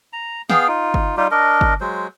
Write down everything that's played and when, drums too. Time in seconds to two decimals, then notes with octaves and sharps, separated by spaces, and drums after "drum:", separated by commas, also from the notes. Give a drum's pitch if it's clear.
0.13 A#5
0.50 B3 G#4 F5 G5, drum: snare
0.68 D#4 F4
0.94 drum: kick G1
1.17 G3 D#4 F4 G4
1.31 D4 A#4 D#5
1.61 drum: kick G1
1.81 F#3 G#3 C5